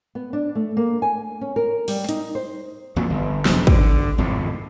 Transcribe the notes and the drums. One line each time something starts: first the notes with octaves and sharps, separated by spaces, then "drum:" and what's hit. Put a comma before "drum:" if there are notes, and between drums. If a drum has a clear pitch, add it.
B3
D4
A3
A#3
G#5
C#4
A#4
G3, drum: open hi-hat
D#4, drum: hi-hat
C5
A#1 F2 A#2 F#3
G1
E1 D2, drum: snare
D3, drum: kick
G#1 F2 A2 C3